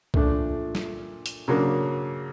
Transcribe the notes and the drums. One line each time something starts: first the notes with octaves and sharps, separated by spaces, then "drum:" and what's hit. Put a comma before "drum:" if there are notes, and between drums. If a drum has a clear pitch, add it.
A#2 F3 A3 D4, drum: kick C2
drum: snare
drum: hi-hat
C#3 F#3 A#3 D4